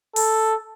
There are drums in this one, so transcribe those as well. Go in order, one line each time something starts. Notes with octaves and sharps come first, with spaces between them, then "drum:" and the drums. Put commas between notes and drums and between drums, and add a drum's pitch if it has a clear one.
A4, drum: open hi-hat